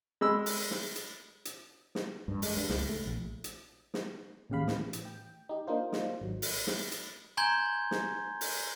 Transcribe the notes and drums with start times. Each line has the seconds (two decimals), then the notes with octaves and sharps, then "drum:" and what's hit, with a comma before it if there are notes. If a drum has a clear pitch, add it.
0.21 G#3 B5 E6
0.46 drum: open hi-hat
0.71 drum: snare
0.96 drum: hi-hat
1.45 drum: hi-hat
1.95 drum: snare
2.28 G2
2.42 G#3, drum: open hi-hat
2.57 G2
2.70 C#2, drum: snare
2.89 A3
3.06 A#1
3.44 drum: hi-hat
3.94 drum: snare
4.50 A1 D#2 C#3 G4 F5 B5
4.67 A2 E3, drum: snare
4.93 drum: hi-hat
5.05 G5
5.49 D#4 G4
5.67 A#3 D4 D#4 F4 C5
5.92 drum: snare
6.21 G#1 F#3
6.42 drum: open hi-hat
6.67 drum: snare
6.92 drum: hi-hat
7.37 G#5 A#5 C6 G6 G#6 G7
7.91 drum: snare
8.41 drum: open hi-hat